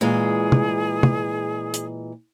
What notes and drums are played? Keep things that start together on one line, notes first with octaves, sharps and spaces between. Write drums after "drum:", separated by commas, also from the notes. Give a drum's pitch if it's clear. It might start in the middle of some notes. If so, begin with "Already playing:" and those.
A#2 E3 G#3 G#4
drum: tom
drum: tom
drum: hi-hat